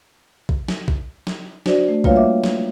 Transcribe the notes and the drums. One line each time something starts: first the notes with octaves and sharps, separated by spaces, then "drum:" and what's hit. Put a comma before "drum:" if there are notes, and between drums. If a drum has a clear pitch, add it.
drum: kick A#1
drum: snare
drum: kick A#1
drum: snare
D4 F#4 C5 D5, drum: snare
A3
G3 A#3 F4 B4 C#5 F5, drum: kick A#1
E5 D6
drum: snare